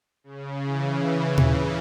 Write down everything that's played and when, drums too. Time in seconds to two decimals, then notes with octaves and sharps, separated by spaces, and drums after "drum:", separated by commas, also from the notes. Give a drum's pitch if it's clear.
0.24 C#3
0.65 E3
1.38 drum: tom